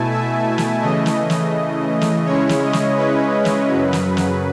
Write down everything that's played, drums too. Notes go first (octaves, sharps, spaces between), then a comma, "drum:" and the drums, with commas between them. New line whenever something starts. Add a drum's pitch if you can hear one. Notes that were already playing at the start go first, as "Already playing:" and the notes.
Already playing: B2 A3 E4 G#5 A5
E5
drum: snare
C#3 E3 A3 D#5
drum: snare
drum: snare
drum: snare
C#3 G#3 C#4 E4 C#5
drum: snare
D#5
drum: snare
B4
drum: snare
F#2 C#3 F#3
drum: snare
drum: snare